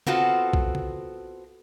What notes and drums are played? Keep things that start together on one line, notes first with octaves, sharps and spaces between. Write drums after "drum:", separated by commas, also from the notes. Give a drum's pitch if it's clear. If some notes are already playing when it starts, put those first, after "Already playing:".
B3 C4 F4 F#4 A4, drum: tom C#3
drum: kick B1
drum: tom C#3